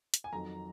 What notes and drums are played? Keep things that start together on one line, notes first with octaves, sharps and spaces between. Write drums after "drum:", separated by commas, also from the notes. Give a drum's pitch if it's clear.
drum: hi-hat
G#5
F2 D#3 F#3 A#5